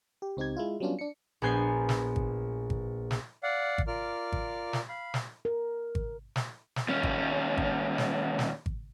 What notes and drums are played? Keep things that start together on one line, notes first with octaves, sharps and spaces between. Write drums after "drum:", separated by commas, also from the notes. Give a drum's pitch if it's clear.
G4
C#2 C4 D#4 G4 G#6
G#3 E4 F4
F#3 G3 B3 C#4 D4 F4
D4 C#7
A#1 B3 G#5 G6 C7
drum: snare
drum: kick G#1
drum: kick G#1
drum: snare
D5 F5 F#5
drum: kick G#1
F4 A#4 D5 D6 F6
drum: kick G#1
drum: snare
F5 B5
drum: snare
A#4
drum: kick G#1
drum: snare
drum: snare
D#2 C#4
drum: kick G#1
drum: kick G#1
drum: snare
drum: snare
drum: kick G#1